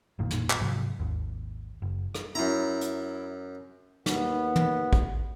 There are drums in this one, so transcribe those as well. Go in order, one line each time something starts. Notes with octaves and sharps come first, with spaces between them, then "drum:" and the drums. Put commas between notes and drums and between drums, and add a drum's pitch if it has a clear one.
A1 F2 A#2 D#3
drum: snare
drum: clap
G#2 C3 F3 F#3
G#1 D#2
F#1
drum: rim click
F#2 E4 A#5
drum: hi-hat
D#2 B3, drum: snare
drum: tom
drum: kick